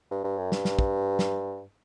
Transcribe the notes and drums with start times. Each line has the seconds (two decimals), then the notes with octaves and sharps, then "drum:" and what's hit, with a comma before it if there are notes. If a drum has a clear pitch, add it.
0.11 G2
0.24 G2
0.38 F#2
0.52 G2, drum: snare
0.65 drum: snare
0.79 drum: kick
1.19 drum: snare